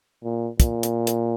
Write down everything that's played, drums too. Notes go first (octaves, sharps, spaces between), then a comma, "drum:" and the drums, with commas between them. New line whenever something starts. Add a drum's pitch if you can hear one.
A#2
A#2, drum: kick, hi-hat
drum: hi-hat
drum: hi-hat